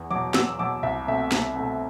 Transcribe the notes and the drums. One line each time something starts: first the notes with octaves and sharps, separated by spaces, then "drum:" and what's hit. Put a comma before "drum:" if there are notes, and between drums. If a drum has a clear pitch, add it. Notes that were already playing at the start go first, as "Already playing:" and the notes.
Already playing: E2
B2 F#3 D6
E2 E6, drum: snare
B2 F#3 D6
C2 E5
B2 A3 C4 E5
C2, drum: snare
B2 A3 C4